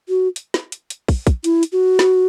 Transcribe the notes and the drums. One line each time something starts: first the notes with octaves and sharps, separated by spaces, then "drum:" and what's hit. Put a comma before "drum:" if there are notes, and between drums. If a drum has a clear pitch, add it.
F#4
drum: hi-hat
drum: snare
drum: hi-hat
drum: hi-hat
drum: kick, open hi-hat
drum: kick, hi-hat
E4, drum: hi-hat
drum: hi-hat
F#4
drum: snare